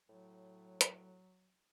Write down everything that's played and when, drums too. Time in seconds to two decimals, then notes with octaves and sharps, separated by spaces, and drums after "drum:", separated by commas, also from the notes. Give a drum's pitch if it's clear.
0.09 A2 F#3
0.81 drum: hi-hat